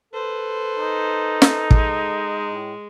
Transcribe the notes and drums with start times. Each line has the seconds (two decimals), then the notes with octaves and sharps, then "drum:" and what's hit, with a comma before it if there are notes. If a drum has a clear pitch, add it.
0.13 A4 B4 C5
0.79 D#4
1.42 drum: snare
1.71 G#3, drum: kick
2.50 A2